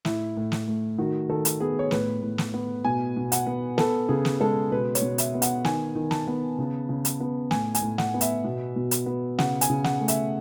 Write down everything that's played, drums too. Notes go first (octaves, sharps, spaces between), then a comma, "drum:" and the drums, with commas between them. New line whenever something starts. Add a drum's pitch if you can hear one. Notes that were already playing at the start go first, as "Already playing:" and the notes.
A2 E4, drum: snare
A2
drum: snare
A3
D#3 F#4
D#3 A4
drum: hi-hat
B3 G#4
C#5
A2 B4, drum: snare
A2
drum: snare
B3
B2 G#5
B2
F#5, drum: hi-hat
B3
B3 A4, drum: snare
C#3 G#4
drum: snare
G#3 A4
B2 B4
C#5, drum: hi-hat
B2
E5, drum: hi-hat
B3
F#5, drum: hi-hat
D#3 G#5, drum: snare
D#3
A5, drum: snare
B3
C#3
C#3
drum: hi-hat
B3
A2 G#5, drum: snare
G#5, drum: hi-hat
A2
F#5, drum: snare
B3
E5, drum: hi-hat
B2
B2
drum: hi-hat
B3
C#3 F#5, drum: snare
G#5, drum: hi-hat
C#3
F#5, drum: snare
A3
E5, drum: hi-hat